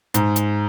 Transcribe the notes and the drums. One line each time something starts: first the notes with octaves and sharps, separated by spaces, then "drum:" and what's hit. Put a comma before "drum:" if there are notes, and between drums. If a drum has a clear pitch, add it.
G#2, drum: hi-hat
drum: hi-hat